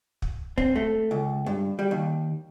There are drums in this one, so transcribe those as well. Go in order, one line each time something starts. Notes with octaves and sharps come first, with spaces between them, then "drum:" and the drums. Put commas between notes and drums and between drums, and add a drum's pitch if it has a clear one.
drum: kick
C4, drum: kick
A3
C#2
G2
G3
D#2